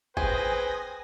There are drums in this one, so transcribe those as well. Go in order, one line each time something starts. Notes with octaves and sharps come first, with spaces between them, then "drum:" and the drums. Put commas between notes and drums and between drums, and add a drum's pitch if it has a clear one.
G#4 B4 C5 G5 G#5 D#6 A#6, drum: kick